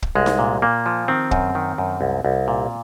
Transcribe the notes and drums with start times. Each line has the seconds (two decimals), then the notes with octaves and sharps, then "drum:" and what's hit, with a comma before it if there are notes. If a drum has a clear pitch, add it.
0.02 drum: kick
0.15 C2 G#3
0.26 drum: snare D#4
0.39 A#2
0.62 A#2 A#3
0.86 F3
1.08 D#3 C4
1.31 F#2, drum: kick
1.55 D#3
1.78 F#2
2.01 C2
2.25 C2
2.48 A#2